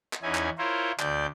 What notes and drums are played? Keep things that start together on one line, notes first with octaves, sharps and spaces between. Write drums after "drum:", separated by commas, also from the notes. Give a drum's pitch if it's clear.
drum: clap
E2 C#4 D#4 E4 G#5
drum: clap
E4 F4 A#4 C5 C#5
D2 D5 G6, drum: clap